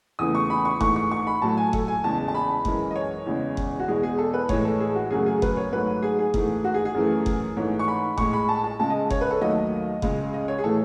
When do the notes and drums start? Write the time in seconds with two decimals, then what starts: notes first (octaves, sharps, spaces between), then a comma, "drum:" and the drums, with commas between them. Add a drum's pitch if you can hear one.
0.19 E2 C#3 E3 A3 D#6
0.35 C#6
0.50 B5
0.65 C#6
0.81 G#2 E3 A3 C#6, drum: kick F#1
0.96 C#6
1.11 C#6
1.27 B5
1.42 A2 F#3 A3 A5
1.57 G#5
1.73 A4, drum: kick F#1
1.88 G#5
2.04 E2 C#3 G#3 A5
2.28 A5
2.34 B5
2.65 F#2 E3 G#3, drum: kick F#1
2.91 D#5
2.96 C#5
3.26 E2 C#3 G#3
3.57 drum: kick F#1
3.80 F#4
3.88 E2 B2 G#3 G#4
4.03 G#4
4.18 A4
4.34 B4
4.49 A2 E3 G#3 C#5, drum: kick F#1
4.65 A4
4.80 G#4
4.95 F#4
5.10 F#2 C#3 F#3 A3 G#4
5.26 G#4
5.42 B4, drum: kick F#1
5.57 C#5
5.72 G#2 F#3 A3 B4
6.02 G#4
6.19 G#4
6.34 G#2 E3 A3, drum: kick F#1
6.64 F#4
6.74 G#4
6.85 G#4
6.95 F#2 E3 A3
7.26 drum: kick F#1
7.57 G#2 E3 A3 C#5
7.79 C#6
7.88 B5
8.18 A2 G#3 C#6, drum: kick F#1
8.33 B5
8.49 A5
8.64 A5
8.79 C#2 C#3 G#3 A5
8.90 D#5
9.10 C#5, drum: kick F#1
9.21 B4
9.31 A4
9.41 D#2 D#3 F#3 A3 D#5
10.02 C#2 C#3 G#3, drum: kick F#1
10.34 D#5
10.48 C#5
10.58 G#4
10.64 A2 E3 A3 A4